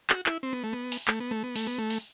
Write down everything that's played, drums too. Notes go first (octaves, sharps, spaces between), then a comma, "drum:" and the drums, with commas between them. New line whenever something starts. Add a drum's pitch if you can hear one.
F#4, drum: clap
E4, drum: clap
C4
B3
A3
B3
drum: open hi-hat
A3, drum: clap
B3
A3
B3
A3, drum: open hi-hat
B3
A3
drum: open hi-hat